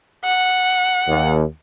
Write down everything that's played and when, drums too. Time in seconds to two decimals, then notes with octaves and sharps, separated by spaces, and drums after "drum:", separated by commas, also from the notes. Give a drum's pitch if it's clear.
0.25 F#5
0.70 drum: open hi-hat
1.07 D#2